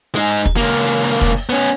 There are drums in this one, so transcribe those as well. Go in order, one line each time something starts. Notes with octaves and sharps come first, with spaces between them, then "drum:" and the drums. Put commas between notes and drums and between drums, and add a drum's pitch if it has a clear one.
G#3 D#4, drum: open hi-hat
drum: hi-hat
drum: kick, hi-hat
C#2 A#3
drum: open hi-hat
drum: hi-hat
drum: kick, hi-hat
drum: open hi-hat
B3 C#4, drum: hi-hat